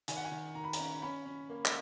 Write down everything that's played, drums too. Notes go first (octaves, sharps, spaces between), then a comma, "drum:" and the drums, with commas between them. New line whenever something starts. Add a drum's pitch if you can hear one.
D#3 G#5, drum: hi-hat
F#5
G#5
D#3
D#3 A#5
B5
A#5, drum: hi-hat
C#4
C#4 B5
C#4
A#3
drum: clap